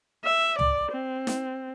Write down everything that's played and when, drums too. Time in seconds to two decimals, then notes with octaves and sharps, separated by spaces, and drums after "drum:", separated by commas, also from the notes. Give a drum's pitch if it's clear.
0.25 E5
0.59 D5, drum: tom C#2
0.92 C4
1.27 drum: snare